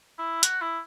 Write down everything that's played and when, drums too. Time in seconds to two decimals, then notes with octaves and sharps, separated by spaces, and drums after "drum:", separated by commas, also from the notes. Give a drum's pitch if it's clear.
0.18 E4
0.43 F#4, drum: hi-hat
0.61 E4